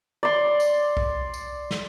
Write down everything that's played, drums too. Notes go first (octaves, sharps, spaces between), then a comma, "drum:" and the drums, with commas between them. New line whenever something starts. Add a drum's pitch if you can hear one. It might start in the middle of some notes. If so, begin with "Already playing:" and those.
D5 C6
drum: tambourine
drum: kick B1
drum: tambourine
drum: snare